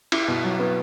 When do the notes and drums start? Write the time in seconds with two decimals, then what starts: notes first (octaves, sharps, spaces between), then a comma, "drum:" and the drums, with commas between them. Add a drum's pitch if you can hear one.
0.12 E4, drum: cymbal
0.28 B2
0.44 F#3
0.59 B3